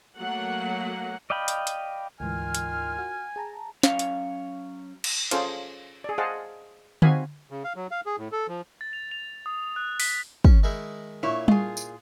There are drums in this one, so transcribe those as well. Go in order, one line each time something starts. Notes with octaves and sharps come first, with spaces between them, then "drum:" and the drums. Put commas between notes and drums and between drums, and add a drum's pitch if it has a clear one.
F#3 A3 A#3 F#5
D5 D#5 F5 G5 B5
drum: hi-hat
drum: hi-hat
D2 G#2 D#3 E3 F4 G#5 F6
drum: hi-hat
F#4
G#4 A5 A#5
F#3 C#4 C#5 F5, drum: snare
drum: hi-hat
drum: cymbal
C#4 F4 G#4 A4 C5 F5, drum: hi-hat
G#4 D5
G#4 C5 D#5 F5 F#5 A5
C4 D#4 F#4 F5 G#5 B5, drum: tom D3
C#3
F5
F#3
F5
G#4
A2
A4
F3
A6
F7
F7
D#6
F#6
B6, drum: open hi-hat
C#4, drum: kick
D#3 G#3 E4
A#2 E4 C#5
F4 G#4, drum: tom G3
drum: tambourine